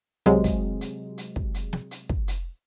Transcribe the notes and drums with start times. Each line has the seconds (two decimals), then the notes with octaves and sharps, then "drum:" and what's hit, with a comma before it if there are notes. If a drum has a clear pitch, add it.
0.26 C3 F#3 G#3, drum: tom
0.44 drum: kick, hi-hat
0.81 drum: hi-hat
1.18 drum: hi-hat
1.36 drum: kick
1.54 drum: hi-hat
1.73 drum: snare
1.91 drum: hi-hat
2.09 drum: kick
2.28 drum: hi-hat